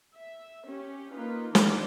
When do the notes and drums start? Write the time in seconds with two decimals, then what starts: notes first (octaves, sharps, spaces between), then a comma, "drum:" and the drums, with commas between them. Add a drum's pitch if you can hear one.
0.15 E5
0.67 C#4 G4
1.13 A#3 D#4 F4 B4
1.55 E3 D4 D#4 A4, drum: snare